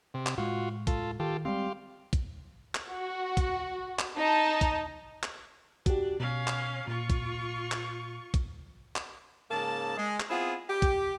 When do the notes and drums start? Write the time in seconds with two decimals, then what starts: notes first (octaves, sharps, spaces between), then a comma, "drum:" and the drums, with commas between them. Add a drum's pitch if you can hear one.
0.14 C3
0.26 drum: clap
0.38 A2 G#3 F4 F#4
0.87 F4 A4, drum: kick, hi-hat
1.20 D#3 F4 G4 A4
1.45 G3 G#3 C4 G4 F5 C6
2.13 drum: kick, hi-hat
2.75 drum: clap
2.91 F#4
3.37 drum: kick, hi-hat
3.99 drum: clap
4.18 D#4 A5
4.61 drum: kick, hi-hat
5.23 drum: clap
5.86 D4 F#4 G4, drum: kick, hi-hat
6.20 B2 C#4 F5
6.47 drum: clap
6.88 A#2 F4 C#6
7.10 drum: kick, hi-hat
7.72 drum: clap
8.34 drum: kick, hi-hat
8.96 drum: clap
9.50 G#2 C#3 A#3 A5
9.98 G#3
10.20 drum: clap
10.30 B3 C4 E4 F4 G#4
10.70 G4
10.82 drum: kick, hi-hat